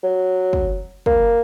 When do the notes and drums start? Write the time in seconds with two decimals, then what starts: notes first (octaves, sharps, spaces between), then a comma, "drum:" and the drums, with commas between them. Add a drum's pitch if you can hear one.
0.04 F#3
0.53 drum: kick
1.06 A#3, drum: kick